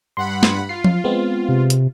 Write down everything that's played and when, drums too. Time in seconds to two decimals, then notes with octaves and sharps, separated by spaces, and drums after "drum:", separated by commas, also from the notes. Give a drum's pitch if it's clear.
0.17 G2 F#5 B5 C6
0.43 drum: snare
0.69 F4 C7
0.84 drum: tom F3
1.04 G#3 B3 C4
1.49 C3
1.70 drum: hi-hat